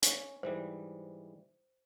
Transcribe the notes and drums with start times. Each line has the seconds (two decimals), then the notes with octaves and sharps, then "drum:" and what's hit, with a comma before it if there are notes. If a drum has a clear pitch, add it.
0.03 C#4, drum: hi-hat
0.43 G#2 E3 G3 C5